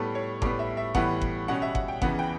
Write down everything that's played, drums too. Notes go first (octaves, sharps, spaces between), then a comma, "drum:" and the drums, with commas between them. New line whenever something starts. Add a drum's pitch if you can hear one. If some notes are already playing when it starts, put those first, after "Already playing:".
Already playing: A2 G3 B3 A4
C#5
A2 G3 B3 D5, drum: kick G1
E5
E5
A2 E3 G3 B3 F#5, drum: kick G1
drum: kick G1
B2 G3 C#4 F#5
E5
F#5, drum: kick G1
G5
E2 C#3 E3 B3 F#5, drum: kick G1
G5